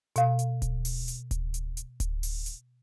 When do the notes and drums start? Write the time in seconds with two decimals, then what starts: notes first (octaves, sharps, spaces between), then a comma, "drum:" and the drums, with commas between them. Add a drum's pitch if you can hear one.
0.16 B2 F5, drum: hi-hat
0.39 drum: hi-hat
0.62 drum: kick D1, hi-hat
0.85 drum: open hi-hat
1.08 drum: hi-hat
1.31 drum: kick D1, hi-hat
1.54 drum: hi-hat
1.77 drum: hi-hat
2.00 drum: kick D1, hi-hat
2.23 drum: open hi-hat
2.46 drum: hi-hat